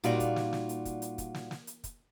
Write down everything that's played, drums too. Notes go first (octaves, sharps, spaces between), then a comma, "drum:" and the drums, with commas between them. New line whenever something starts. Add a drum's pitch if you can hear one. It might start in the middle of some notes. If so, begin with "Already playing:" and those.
A#2 G3 D#4 F4 F#4 D5, drum: hi-hat
drum: kick, hi-hat
drum: snare
drum: snare
drum: hi-hat
drum: kick, hi-hat
drum: hi-hat
drum: kick, hi-hat
drum: snare
drum: snare
drum: hi-hat
drum: kick, hi-hat